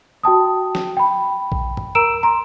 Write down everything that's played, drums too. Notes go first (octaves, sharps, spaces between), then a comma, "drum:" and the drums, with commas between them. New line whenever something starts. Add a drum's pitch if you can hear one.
F#4 G5 A5 D#6
drum: snare
G5 B5
drum: kick A#1
drum: tom
A#4 A#5 E6 D7 E7
A#5 C6